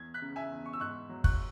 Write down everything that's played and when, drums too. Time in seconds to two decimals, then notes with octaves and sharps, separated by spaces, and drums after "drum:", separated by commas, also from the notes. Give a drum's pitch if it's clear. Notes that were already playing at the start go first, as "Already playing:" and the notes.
Already playing: E2 G#6
0.14 F#6 B6
0.22 C#3
0.36 E5 G#5
0.52 E2
0.66 C#6
0.73 E6
0.80 G#2 C#6 F#6
1.09 F#3
1.24 C#6 F#6, drum: kick